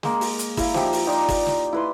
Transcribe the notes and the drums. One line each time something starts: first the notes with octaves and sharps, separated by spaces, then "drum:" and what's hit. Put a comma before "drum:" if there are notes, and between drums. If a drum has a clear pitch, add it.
G#3 A#3, drum: snare
drum: open hi-hat
drum: hi-hat
E4 F5, drum: kick, open hi-hat
F3 D#4 G4 E5, drum: snare
drum: open hi-hat
D#4 F4 G4 D5
drum: kick, open hi-hat
drum: snare
E4 B4 C6